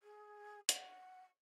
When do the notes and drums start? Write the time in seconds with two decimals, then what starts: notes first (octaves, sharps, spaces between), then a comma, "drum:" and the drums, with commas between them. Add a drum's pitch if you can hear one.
0.02 G#4
0.69 F#5, drum: hi-hat